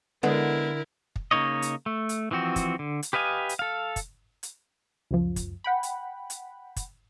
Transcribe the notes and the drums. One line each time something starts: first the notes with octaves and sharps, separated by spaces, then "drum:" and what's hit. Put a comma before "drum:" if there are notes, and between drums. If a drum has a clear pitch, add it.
D3 G#3 B3 E4 A#4
drum: kick
C#3 A#3 D#4 C#5 D#5
drum: hi-hat
A3
drum: hi-hat
E3 F3 C4 F#4
drum: kick, hi-hat
D3
drum: hi-hat
G4 B4 D#5 F5 G#5
drum: hi-hat
A4 F5
drum: kick, hi-hat
drum: hi-hat
C#2 F#2 F3
drum: kick, hi-hat
F#5 G5 B5
drum: hi-hat
drum: hi-hat
drum: kick, hi-hat